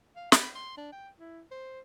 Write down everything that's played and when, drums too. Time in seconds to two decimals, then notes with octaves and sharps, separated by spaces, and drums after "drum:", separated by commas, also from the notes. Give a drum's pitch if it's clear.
0.16 F5
0.32 B5, drum: snare
0.56 C6
0.78 D4
0.92 G5
1.20 E4
1.52 C5